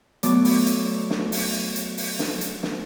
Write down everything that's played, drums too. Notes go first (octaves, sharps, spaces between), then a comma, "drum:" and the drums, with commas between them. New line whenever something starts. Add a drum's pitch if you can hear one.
F#3 A3 B3 D5, drum: hi-hat
drum: open hi-hat
drum: hi-hat
drum: snare
drum: open hi-hat
drum: hi-hat
drum: open hi-hat
drum: snare
drum: hi-hat
drum: snare